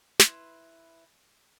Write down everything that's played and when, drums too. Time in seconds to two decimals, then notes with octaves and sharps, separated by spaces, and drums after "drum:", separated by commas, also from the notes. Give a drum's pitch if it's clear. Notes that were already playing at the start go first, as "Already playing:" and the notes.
0.19 E4 B4 C6, drum: snare